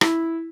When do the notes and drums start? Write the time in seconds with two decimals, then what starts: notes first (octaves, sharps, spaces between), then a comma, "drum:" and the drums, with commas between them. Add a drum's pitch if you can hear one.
0.01 E4, drum: rim click